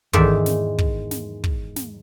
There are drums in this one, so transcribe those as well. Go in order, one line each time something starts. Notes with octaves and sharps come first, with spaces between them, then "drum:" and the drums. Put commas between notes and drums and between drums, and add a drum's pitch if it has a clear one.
E2 G#2 D#3 G#3 D5 E5, drum: kick
drum: snare
drum: kick
drum: snare
drum: kick
drum: snare